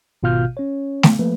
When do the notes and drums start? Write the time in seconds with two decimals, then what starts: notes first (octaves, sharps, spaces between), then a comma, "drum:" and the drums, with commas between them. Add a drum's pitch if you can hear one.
0.23 G#1 B2 F4 F5 F6 G6
0.57 C#4 C#5
1.03 drum: snare A3
1.19 F3 A3 A#3 B4